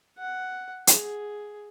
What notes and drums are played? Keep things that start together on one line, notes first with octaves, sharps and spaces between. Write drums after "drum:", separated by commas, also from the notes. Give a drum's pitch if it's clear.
F#5
G#4, drum: hi-hat